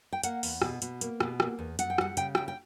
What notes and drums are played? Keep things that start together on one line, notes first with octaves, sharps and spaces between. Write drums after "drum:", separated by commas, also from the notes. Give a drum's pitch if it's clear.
G5
A#3 F#5, drum: hi-hat
E2, drum: open hi-hat
B2, drum: rim click
B2, drum: hi-hat
A#3, drum: hi-hat
B2, drum: rim click
A#3, drum: rim click
E2
F#2 F#5, drum: hi-hat
G5
G3 F#5, drum: rim click
C#3 G5, drum: hi-hat
C#3 G5, drum: rim click
G5